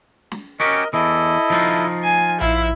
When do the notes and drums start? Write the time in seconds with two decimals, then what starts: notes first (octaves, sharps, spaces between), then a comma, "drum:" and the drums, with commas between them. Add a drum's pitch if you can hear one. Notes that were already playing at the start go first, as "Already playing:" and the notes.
0.32 drum: snare
0.60 C#4 F#4 G4 A#4 D#5
0.93 E2 E3 E4 A4 D#5
1.50 F3 D#4 F4
2.04 G#5
2.41 E4 F5, drum: tom A#1